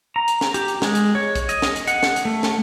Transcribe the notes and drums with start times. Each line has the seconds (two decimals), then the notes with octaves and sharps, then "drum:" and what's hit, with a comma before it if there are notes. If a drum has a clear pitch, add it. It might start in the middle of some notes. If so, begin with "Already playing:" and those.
0.16 A#5
0.28 drum: hi-hat
0.41 drum: snare
0.54 G4, drum: hi-hat
0.68 drum: hi-hat
0.82 G#3, drum: snare
0.95 drum: hi-hat
1.15 C#5
1.35 drum: kick, hi-hat
1.49 D#5, drum: hi-hat
1.62 drum: snare
1.76 drum: hi-hat
1.87 F#5, drum: hi-hat
2.03 drum: snare
2.16 drum: hi-hat
2.25 A3
2.43 drum: snare